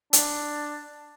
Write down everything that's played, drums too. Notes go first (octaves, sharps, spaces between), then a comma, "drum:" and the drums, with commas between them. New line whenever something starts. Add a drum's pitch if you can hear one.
D4, drum: hi-hat